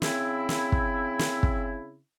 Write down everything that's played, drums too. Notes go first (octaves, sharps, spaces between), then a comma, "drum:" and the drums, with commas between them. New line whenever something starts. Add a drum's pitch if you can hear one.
C#3 C4 E4, drum: snare
drum: snare
drum: kick
drum: snare
drum: kick